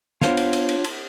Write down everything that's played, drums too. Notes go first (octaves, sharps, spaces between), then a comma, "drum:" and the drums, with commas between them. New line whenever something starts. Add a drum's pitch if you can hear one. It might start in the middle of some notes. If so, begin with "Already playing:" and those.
B3 D4 F4 C5 C#5 F5, drum: snare
drum: cymbal
drum: cymbal
drum: cymbal
drum: cymbal